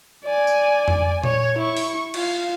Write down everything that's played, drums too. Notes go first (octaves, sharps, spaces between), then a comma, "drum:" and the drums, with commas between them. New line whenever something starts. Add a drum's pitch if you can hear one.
D5 G#5
drum: tambourine
drum: tom F2
C#5, drum: tom A#2
E4 C#6
drum: open hi-hat
F4 F5, drum: cymbal